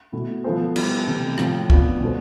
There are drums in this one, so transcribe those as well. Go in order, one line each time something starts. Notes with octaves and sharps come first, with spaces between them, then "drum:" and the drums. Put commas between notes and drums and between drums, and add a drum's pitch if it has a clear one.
B2 A3 E4
F3 B3 F4 A4 C5
G3 B3 E4, drum: cymbal
C3 E3 A3
A2 F3 C4, drum: rim click
B3 D4 F4, drum: kick
B2 B3 D4 A4 C5